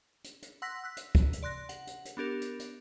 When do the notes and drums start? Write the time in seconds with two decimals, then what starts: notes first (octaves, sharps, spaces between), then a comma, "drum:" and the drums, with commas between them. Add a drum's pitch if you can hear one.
0.24 drum: hi-hat
0.42 drum: hi-hat
0.62 F#5 C6 E6 F#6 A#6 B6
0.84 E6 F#6 B6
0.97 drum: hi-hat
1.15 drum: kick, hi-hat
1.33 drum: hi-hat
1.43 D5 C6 F#6 A#6
1.69 F#5, drum: hi-hat
1.87 drum: hi-hat
2.05 drum: hi-hat
2.17 B3 D4 G4 A#4
2.41 drum: hi-hat
2.60 drum: hi-hat